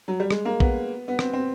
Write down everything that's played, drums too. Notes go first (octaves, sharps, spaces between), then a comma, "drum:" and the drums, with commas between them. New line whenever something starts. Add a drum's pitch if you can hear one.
F#3
G3
G#3, drum: rim click
A#3
B3, drum: kick A#1
B3
C4, drum: rim click
C4